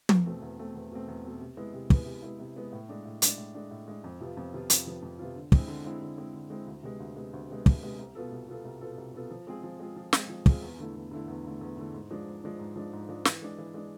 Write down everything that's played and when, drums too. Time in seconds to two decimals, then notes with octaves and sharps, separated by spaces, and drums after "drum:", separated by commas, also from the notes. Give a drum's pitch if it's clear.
0.09 E2, drum: tom
0.26 B2 A3 C4
0.42 E2
0.58 B2 A3 C4
0.75 E2
0.91 B2 A3 C4
1.08 E2
1.24 B2 A3 C4
1.41 C3
1.57 G#3 B3 E4
1.74 C3
1.90 G#3 B3 E4, drum: kick
2.06 C3
2.22 G#3 B3 E4
2.40 C3
2.56 G#3 B3 E4
2.72 A2
2.89 G#3 D4
3.05 A2
3.22 G#3 D4, drum: hi-hat
3.38 A2
3.55 G#3 D4
3.71 A2
3.88 G#3 D4
4.04 F2
4.20 C3 F3 B3 F4
4.37 F2
4.54 C3 F3 B3 F4
4.70 F2, drum: hi-hat
4.86 C3 F3 B3 F4
5.03 F2
5.19 C3 F3 B3 F4
5.36 D3
5.52 G#3 C4 E4, drum: kick
5.68 D3
5.85 G#3 C4 E4
6.01 D3
6.18 G#3 C4 E4
6.34 D3
6.50 G#3 C4 E4
6.67 D2
6.83 C3 G#3 B3
7.00 D2
7.16 C3 G#3 B3
7.33 D2
7.49 C3 G#3 B3
7.66 D2, drum: kick
7.82 C3 G#3 B3
7.99 C2
8.15 B2 B3 F4 A4
8.32 C2
8.48 B2 B3 F4 A4
8.65 C2
8.81 B2 B3 F4 A4
8.98 C2
9.14 B2 B3 F4 A4
9.31 F3
9.47 G#3 C4 F4 G#4
9.63 F3
9.80 G#3 C4 F4 G#4
9.96 F3
10.13 G#3 C4 F4 G#4, drum: snare
10.29 F3
10.46 G#3 C4 F4 G#4, drum: kick
10.62 E2
10.79 D3 A3 E4
10.95 E2
11.11 D3 A3 E4
11.28 E2
11.44 D3 A3 E4
11.61 E2
11.77 D3 A3 E4
11.94 G#2
12.10 F3 G#3 D4
12.26 G#2
12.43 F3 G#3 D4
12.59 G#2
12.76 F3 G#3 D4
12.93 G#2
13.09 F3 G#3 D4
13.25 E3, drum: snare
13.42 G#3 D4
13.58 E3
13.74 G#3 D4